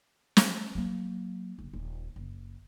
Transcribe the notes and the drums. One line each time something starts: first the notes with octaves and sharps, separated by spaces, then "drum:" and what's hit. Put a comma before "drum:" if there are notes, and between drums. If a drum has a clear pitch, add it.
drum: snare
F#3 A#3
F#1
D#1
F#1